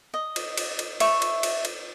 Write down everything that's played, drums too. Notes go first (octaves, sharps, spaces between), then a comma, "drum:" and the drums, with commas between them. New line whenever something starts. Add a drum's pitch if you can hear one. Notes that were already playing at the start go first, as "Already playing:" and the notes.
D#5
drum: cymbal
drum: cymbal
drum: cymbal
E5 C#6, drum: cymbal
drum: cymbal
drum: cymbal
drum: cymbal